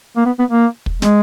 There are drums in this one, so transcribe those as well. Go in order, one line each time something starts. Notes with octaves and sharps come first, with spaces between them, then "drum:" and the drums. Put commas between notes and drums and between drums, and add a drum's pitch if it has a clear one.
A#3
B3
B3
A#3
drum: kick
G#3, drum: snare